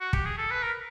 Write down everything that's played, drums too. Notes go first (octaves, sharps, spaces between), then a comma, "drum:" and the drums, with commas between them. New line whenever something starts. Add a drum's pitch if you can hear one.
F#4
G4, drum: kick
G#4
A4
B4
A#4